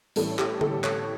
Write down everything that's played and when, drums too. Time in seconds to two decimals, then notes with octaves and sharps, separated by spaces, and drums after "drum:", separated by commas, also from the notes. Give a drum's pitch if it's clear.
0.16 A1 A2 E3 G3 A4, drum: hi-hat
0.39 G4, drum: clap
0.61 A4, drum: tom D3
0.84 C#5, drum: clap